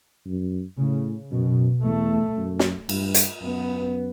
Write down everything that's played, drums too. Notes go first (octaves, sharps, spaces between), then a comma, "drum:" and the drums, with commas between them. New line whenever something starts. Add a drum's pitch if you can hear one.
F#2
A2 C#3
F#2 B2
E2 A3
F#2
drum: snare
G2, drum: cymbal
drum: hi-hat
F#2 B3